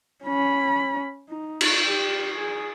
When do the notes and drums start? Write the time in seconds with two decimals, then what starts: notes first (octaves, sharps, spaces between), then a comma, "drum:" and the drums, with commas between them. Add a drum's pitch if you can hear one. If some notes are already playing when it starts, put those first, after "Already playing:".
0.24 C#4 B5
1.29 D#4
1.61 drum: cymbal
1.84 G4
2.38 G#4